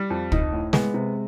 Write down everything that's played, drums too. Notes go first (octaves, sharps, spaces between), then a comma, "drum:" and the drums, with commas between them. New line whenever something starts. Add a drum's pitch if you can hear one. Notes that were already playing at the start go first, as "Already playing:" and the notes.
Already playing: G3
F2
D#4, drum: kick
A2
G#3 B3, drum: snare
C3